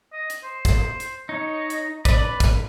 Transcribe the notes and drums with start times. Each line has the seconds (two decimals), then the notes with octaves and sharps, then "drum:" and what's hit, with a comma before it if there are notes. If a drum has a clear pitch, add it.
0.13 D#5
0.30 drum: hi-hat
0.43 C5
0.65 drum: kick, hi-hat
1.00 drum: hi-hat
1.29 D#4 C#5
1.70 drum: hi-hat
2.05 B4 D5 B5, drum: kick, hi-hat
2.40 drum: kick, hi-hat